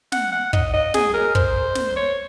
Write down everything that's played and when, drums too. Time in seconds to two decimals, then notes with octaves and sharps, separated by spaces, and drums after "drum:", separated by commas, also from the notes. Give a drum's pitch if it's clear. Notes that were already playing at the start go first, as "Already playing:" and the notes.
0.12 F#5, drum: snare
0.32 F#5
0.53 D#5, drum: kick
0.73 D#5
0.94 G#4, drum: snare
1.14 A#4
1.35 C5, drum: kick
1.75 drum: snare
1.96 C#5